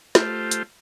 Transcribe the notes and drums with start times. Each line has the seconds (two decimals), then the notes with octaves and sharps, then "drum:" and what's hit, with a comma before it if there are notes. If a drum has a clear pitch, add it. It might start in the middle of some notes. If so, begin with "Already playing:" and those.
0.15 A3 F4 G4 C5, drum: snare
0.51 drum: hi-hat